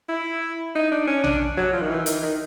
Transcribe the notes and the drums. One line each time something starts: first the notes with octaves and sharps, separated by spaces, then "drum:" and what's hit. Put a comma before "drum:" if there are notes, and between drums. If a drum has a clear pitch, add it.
E4
D#4
D4
C#4
D4, drum: tom A#1
F#3
F3
D#3
E3
D#3, drum: hi-hat
D#3